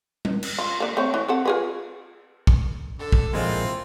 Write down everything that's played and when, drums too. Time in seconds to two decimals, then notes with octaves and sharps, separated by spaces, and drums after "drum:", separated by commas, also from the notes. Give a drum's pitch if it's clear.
0.25 drum: tom G3
0.43 drum: cymbal
0.59 F4
0.80 D3 A#3
0.97 A3 C4 C#5
1.14 E3
1.28 C4 A4 F#5
1.46 F4 G#4 B4
2.47 drum: kick
2.99 D3 A4
3.12 drum: kick
3.33 A#1 G#3 A#3 C4 E4 F4